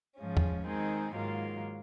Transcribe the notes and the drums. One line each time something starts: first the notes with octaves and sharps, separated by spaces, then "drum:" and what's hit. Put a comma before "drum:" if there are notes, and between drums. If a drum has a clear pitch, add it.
G#2 F3 G#3 C#4
drum: tom E2
D#3 G#3 C4 D#4 G#4
G#2 D#3 F#3 A#3 F4